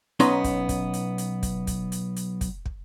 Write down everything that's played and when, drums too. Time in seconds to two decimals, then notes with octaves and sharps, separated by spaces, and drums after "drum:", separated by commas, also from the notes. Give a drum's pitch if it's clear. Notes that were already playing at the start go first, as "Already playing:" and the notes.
0.20 B1 B3 C#4 D#4 A#5 C6, drum: hi-hat
0.44 drum: kick, hi-hat
0.69 drum: kick, hi-hat
0.93 drum: hi-hat
1.18 drum: hi-hat
1.43 drum: kick, hi-hat
1.67 drum: kick, hi-hat
1.92 drum: hi-hat
2.16 drum: hi-hat
2.41 drum: kick, hi-hat
2.66 drum: kick